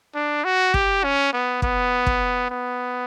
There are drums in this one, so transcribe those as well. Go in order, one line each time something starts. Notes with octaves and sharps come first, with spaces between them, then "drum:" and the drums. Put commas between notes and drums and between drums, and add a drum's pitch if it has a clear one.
D4
F#4
G4, drum: kick
C#4
B3
B3, drum: kick
drum: kick
B3